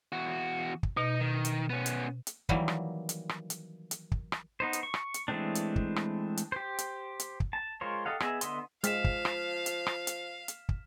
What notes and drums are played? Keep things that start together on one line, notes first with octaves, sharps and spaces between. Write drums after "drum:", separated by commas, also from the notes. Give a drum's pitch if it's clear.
E2 F#4
drum: kick
B2 D#4
D#3
drum: hi-hat
B3 C#4
drum: hi-hat
drum: hi-hat
D#3 E3 F#3 G3 A#3, drum: kick
drum: rim click
drum: hi-hat
drum: rim click
drum: hi-hat
drum: hi-hat
drum: kick
drum: rim click
B3 D#4 C5
drum: hi-hat
C#6
drum: rim click
drum: hi-hat
E3 G#3 A3 C4 D4
drum: hi-hat
drum: kick
drum: rim click
drum: hi-hat
G4 C5
drum: hi-hat
drum: hi-hat
drum: kick
A5
G#3 F4 A#4 C5 C#5
G4 A4 D#5 F5 F#5
B3 G#4 D#5 E5, drum: rim click
D3 B3 D#5 E5 C6, drum: hi-hat
F3 G#3 F5 F6 B6 E7, drum: hi-hat
drum: kick
drum: rim click
drum: hi-hat
drum: rim click
drum: hi-hat
drum: hi-hat
drum: kick